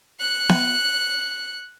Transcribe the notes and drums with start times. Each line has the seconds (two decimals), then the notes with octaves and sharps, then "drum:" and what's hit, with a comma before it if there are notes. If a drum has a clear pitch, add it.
0.20 F#6 C#7
0.49 drum: snare B3